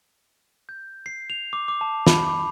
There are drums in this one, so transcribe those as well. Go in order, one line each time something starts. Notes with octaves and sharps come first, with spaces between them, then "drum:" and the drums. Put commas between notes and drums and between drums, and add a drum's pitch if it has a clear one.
G6
C7
F7
D6
D6
A5
B5, drum: snare
D6